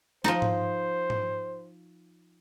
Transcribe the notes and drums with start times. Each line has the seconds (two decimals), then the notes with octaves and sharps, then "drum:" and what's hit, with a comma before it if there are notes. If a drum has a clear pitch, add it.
0.24 F3 D#4 C5, drum: snare
0.42 drum: tom G#2
1.10 drum: tom G#2